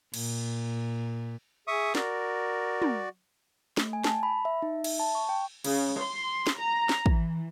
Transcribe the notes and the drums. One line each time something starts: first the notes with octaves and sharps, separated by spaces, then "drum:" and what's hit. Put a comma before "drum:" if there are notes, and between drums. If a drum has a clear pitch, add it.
A#2, drum: cymbal
G#4 E5 C#6 D#6
F#4 A#4 D5, drum: snare
drum: tom
A3, drum: snare
G#5
A5, drum: snare
B5
E5
D#4
E5, drum: cymbal
A5
C#6
G5
C#3, drum: cymbal
C6
drum: snare
A#5
drum: snare
E3, drum: kick